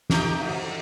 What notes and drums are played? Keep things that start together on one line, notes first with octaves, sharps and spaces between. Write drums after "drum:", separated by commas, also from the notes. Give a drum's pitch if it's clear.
A3 D#4 G4, drum: snare
drum: cymbal